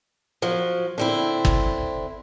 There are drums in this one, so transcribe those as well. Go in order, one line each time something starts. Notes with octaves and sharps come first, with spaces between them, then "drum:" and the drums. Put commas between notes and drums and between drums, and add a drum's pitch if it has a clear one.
F3 F#3
D3 C4 E4
drum: kick